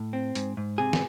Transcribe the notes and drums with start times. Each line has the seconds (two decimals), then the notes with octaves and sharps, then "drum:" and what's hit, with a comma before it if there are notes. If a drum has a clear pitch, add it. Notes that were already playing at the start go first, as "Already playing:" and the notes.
Already playing: A2
0.13 C4
0.35 G#2, drum: hi-hat
0.57 G#2
0.78 C3 G#4
0.93 drum: snare